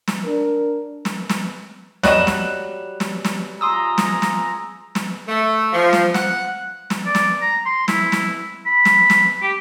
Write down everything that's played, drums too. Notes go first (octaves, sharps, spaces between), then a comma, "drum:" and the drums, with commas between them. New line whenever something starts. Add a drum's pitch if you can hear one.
drum: snare
D4 A#4
drum: snare
drum: snare
F#3 G3 D#5 F#6 E7, drum: snare
drum: snare
drum: snare
drum: snare
F4 G#4 A#5 C6 D#6 E6
drum: snare
drum: snare
drum: snare
A3
F3
drum: snare
F#5, drum: snare
drum: snare
D5
drum: snare
A#5
C6
E4, drum: snare
drum: snare
B5
drum: snare
drum: snare
G4